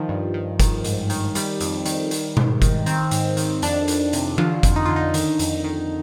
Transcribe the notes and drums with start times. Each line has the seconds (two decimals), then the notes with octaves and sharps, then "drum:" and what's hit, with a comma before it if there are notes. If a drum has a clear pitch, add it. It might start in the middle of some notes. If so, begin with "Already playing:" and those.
Already playing: D#3 F3
0.09 G2
0.34 D#3
0.60 D#3, drum: kick F#1, hi-hat
0.84 G#2, drum: hi-hat
1.10 D#3, drum: hi-hat
1.35 D#3 G3, drum: hi-hat
1.60 F2, drum: hi-hat
1.86 D#3, drum: hi-hat
2.11 D#3, drum: hi-hat
2.37 G#2, drum: tom B2
2.62 D#3, drum: kick F#1, hi-hat
2.86 D#3 C4, drum: hi-hat
3.11 G#2, drum: hi-hat
3.37 D#3, drum: hi-hat
3.62 F2 D4, drum: hi-hat
3.88 F2, drum: hi-hat
4.13 C3, drum: hi-hat
4.38 D3 F4, drum: tom E3
4.63 F2, drum: kick F#1, hi-hat
4.76 D#4
4.86 D3 F4
4.96 D#4
5.14 D#3, drum: hi-hat
5.39 F2, drum: hi-hat
5.64 D#3